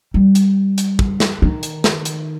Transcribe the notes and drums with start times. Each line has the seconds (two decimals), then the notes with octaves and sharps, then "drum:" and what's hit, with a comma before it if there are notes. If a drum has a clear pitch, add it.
0.14 G3
0.35 drum: hi-hat
0.78 drum: hi-hat
0.99 drum: kick
1.20 drum: snare
1.42 D#3
1.63 drum: hi-hat
1.84 drum: snare
2.05 drum: hi-hat